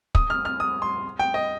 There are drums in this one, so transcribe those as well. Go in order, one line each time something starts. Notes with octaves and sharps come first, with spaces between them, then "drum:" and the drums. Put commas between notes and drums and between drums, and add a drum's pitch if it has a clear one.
D#6, drum: kick
F6
F6
D#6
C6
G5
D#5